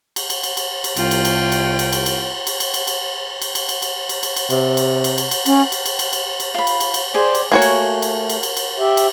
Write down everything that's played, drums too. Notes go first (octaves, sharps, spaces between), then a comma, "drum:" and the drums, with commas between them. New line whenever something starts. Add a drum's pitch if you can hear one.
drum: cymbal
drum: cymbal
drum: cymbal
drum: cymbal
drum: cymbal
C2 F4 G5, drum: cymbal
drum: cymbal
drum: cymbal
drum: cymbal
drum: cymbal
drum: cymbal
drum: cymbal
drum: cymbal
drum: cymbal
drum: cymbal
drum: cymbal
drum: cymbal
drum: cymbal
drum: cymbal
drum: cymbal
drum: cymbal
drum: cymbal
drum: cymbal
C3, drum: cymbal
drum: cymbal
drum: cymbal
drum: cymbal
drum: cymbal
C#4, drum: cymbal
drum: cymbal
drum: cymbal
drum: cymbal
drum: cymbal
drum: cymbal
F4 B5
drum: cymbal
drum: cymbal
drum: cymbal
G4 G#4 C5 D5 G#5
drum: cymbal
A3 A#3 F#4 C#5 G#5
drum: cymbal
drum: cymbal
drum: cymbal
drum: cymbal
drum: cymbal
G4 E5
drum: cymbal